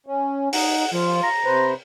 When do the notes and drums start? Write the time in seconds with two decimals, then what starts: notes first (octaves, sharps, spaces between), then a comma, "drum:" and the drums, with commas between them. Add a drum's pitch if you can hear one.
0.07 C#4
0.53 D#4 F#5, drum: open hi-hat
0.93 F3 F4
1.23 A#5
1.45 C3 B4 C5